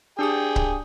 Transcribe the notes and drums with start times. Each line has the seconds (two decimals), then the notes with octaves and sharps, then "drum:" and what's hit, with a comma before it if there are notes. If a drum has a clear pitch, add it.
0.19 D4 G4 G#4 G5 D#6
0.56 drum: kick C#1